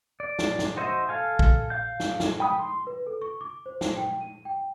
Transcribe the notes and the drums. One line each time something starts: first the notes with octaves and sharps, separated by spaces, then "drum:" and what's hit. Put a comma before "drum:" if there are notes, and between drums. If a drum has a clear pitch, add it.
D5
drum: snare
drum: snare
F#4 C5 D#5 E5
A4 F5 G#5
drum: kick A#1
F5 G6
drum: snare
drum: snare
G5 B5 D#6
C6
B4
A4
C#6
D6
C5
drum: snare
G5
D#7
G5